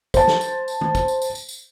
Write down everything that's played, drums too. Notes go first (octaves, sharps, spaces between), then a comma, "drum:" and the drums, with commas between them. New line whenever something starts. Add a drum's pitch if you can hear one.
C5 A5, drum: kick, tambourine
drum: snare
drum: tambourine
drum: tambourine
drum: tom
drum: kick, tambourine
drum: tambourine
drum: tambourine
drum: tambourine
drum: tambourine